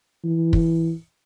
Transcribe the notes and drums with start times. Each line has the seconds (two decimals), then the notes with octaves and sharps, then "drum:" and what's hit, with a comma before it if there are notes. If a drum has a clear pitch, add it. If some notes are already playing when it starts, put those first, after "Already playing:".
0.24 E3
0.53 drum: kick